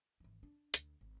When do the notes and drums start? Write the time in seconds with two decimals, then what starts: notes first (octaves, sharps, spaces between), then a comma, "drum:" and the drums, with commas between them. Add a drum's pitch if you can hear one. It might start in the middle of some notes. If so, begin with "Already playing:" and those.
0.20 G#1 E3
0.43 D4
0.74 D2, drum: hi-hat
1.01 G#1